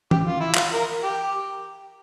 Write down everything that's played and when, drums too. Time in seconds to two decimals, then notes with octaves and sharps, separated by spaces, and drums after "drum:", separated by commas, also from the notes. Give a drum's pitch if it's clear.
0.11 G4, drum: tom
0.26 F4
0.40 E4
0.54 F4, drum: clap
0.73 A#4
1.04 G4